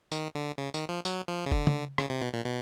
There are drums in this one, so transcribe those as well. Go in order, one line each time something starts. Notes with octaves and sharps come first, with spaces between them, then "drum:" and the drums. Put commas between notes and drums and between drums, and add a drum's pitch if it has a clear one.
D#3, drum: tambourine
D3
C#3
D#3, drum: tambourine
F3
F#3, drum: tambourine
F3
C#3
D3, drum: kick F1
drum: tom
C#3, drum: rim click
C3
B2
A#2
B2